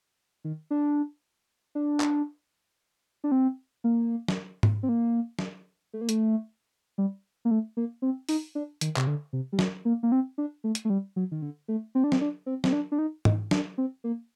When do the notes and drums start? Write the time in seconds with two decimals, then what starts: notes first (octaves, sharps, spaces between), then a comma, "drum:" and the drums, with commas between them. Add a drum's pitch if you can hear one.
0.44 D#3
0.71 D4
1.75 D4
2.00 drum: clap
3.24 D4
3.32 C4
3.84 A#3
4.28 drum: snare
4.63 drum: tom G#2
4.83 C4
4.89 A#3
5.39 drum: snare
5.93 A3
6.01 A#3
6.09 A3, drum: hi-hat
6.98 G3
7.45 A#3
7.51 A3
7.77 A#3
8.02 C4
8.29 D#4, drum: open hi-hat
8.55 D4
8.81 D#3, drum: hi-hat
8.96 C3, drum: clap
9.07 D3
9.33 C3
9.52 G3
9.59 F#3, drum: snare
9.85 A#3
10.03 A#3
10.12 C4
10.38 D4
10.64 A3
10.75 drum: hi-hat
10.85 A3
10.90 G3
11.16 F#3
11.32 D#3
11.42 D3
11.68 A3
11.95 C4
12.04 D4
12.12 C4, drum: snare
12.21 D4
12.46 C4
12.64 C4, drum: snare
12.72 D4
12.92 D4
12.99 D#4
13.25 D#4, drum: tom G#2
13.51 D4, drum: snare
13.78 C4
14.04 A#3